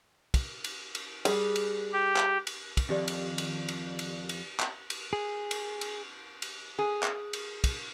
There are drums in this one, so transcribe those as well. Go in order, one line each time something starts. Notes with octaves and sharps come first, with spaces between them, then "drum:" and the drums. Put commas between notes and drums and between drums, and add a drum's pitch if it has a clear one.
drum: kick, cymbal
drum: cymbal
drum: cymbal
G3 G#4, drum: cymbal
drum: cymbal
G4
drum: clap
drum: cymbal
drum: kick, cymbal
F2 D#3 G4 D5
drum: cymbal
drum: cymbal
drum: cymbal
drum: cymbal
drum: cymbal
drum: clap
drum: cymbal
G#4
drum: cymbal
drum: cymbal
drum: cymbal
G#4
drum: clap
drum: cymbal
drum: kick, cymbal